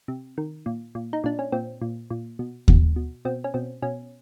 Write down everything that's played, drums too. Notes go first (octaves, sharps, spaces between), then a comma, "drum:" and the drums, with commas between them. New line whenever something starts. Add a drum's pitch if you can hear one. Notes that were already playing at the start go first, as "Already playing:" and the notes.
C3
D#3
A#2
A#2
D#4
A#2 D4
C#4
A#2 C4
A#2
A#2
B2
B2, drum: kick D#2
B2
B2 C4
C#4
B2 C4
B2 C#4